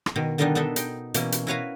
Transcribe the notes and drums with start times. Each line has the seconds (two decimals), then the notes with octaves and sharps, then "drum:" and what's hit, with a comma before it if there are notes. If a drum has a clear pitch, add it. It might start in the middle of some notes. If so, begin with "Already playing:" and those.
0.06 drum: rim click
0.16 B2 D#3
0.38 D3 D#3 G3 B3 D4 D#4
0.55 B3 D4 D#4 A4 E5
0.76 D#4 G5, drum: hi-hat
1.14 B2 E3 A#3 C#4, drum: hi-hat
1.32 drum: hi-hat
1.47 E4 F#4 B4 C#5 F5 A#5